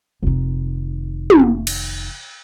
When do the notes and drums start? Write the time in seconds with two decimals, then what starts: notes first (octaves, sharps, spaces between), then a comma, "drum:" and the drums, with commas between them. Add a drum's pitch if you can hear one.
0.23 F1 D#3
1.30 drum: tom
1.67 drum: cymbal